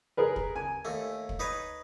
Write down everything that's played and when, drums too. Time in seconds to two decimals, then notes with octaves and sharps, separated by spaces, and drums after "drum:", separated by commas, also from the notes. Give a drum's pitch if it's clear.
0.17 G#4 A#4 B4
0.36 drum: kick
0.56 G#5
0.85 D#2 A3
1.29 drum: kick
1.39 D#4 B4 C#5